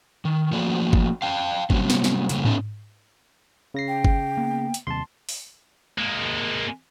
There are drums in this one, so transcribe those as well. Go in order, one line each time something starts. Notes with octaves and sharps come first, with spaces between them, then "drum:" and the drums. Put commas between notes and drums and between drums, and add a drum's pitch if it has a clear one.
D#3
F3 A3 A#3 F#4 A4 D5
drum: kick G1
F5 G5 A5
C3 F#3 G3 A#3 C#4, drum: kick G1
drum: snare
drum: snare
F2 C#3 G3 A3 A#3, drum: hi-hat
B3 C#4 D#4 A4 E5, drum: tom G#2
C#3 A#6 C7
G5
drum: kick G1
A#3 B3
drum: hi-hat
D#2 C3 G3 A5 C6
drum: open hi-hat
G#3 A#3